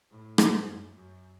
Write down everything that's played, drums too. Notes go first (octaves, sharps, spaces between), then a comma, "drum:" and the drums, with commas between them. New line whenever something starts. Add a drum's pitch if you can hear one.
A2
G#2, drum: rim click
F#2
F#2